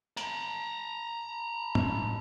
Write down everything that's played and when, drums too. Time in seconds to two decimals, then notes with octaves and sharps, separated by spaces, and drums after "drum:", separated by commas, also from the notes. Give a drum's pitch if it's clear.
0.17 A5 A#5, drum: hi-hat
1.75 drum: tom